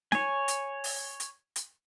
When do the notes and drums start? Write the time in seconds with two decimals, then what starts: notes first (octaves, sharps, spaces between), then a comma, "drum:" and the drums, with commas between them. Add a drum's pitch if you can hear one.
0.12 C#5 G#5, drum: snare
0.48 drum: hi-hat
0.84 drum: open hi-hat
1.20 drum: hi-hat
1.56 drum: hi-hat